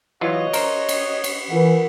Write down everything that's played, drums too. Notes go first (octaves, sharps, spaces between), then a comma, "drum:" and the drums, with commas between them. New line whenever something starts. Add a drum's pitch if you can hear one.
E3 F#3 F4 F#4 C#5 D#5
A#4 C5, drum: cymbal
drum: cymbal
drum: cymbal
E3 F4 A#4 F#5